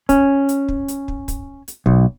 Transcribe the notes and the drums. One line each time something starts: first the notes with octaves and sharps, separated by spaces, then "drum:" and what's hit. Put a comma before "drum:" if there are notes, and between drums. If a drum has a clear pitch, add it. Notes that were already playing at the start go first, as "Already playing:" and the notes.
C#4, drum: kick, hi-hat
drum: hi-hat
drum: kick
drum: hi-hat
drum: kick
drum: kick, hi-hat
drum: hi-hat
B1, drum: kick